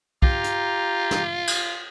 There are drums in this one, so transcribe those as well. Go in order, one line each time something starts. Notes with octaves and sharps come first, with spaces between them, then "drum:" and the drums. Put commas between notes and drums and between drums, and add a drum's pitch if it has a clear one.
F4 G4 A#5, drum: kick
drum: hi-hat
drum: snare
drum: cymbal